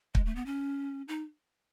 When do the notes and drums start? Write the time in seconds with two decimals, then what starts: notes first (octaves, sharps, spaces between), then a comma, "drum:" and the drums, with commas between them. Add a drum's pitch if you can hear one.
0.15 G#3, drum: kick
0.25 A3
0.36 B3
0.46 C#4
1.08 D#4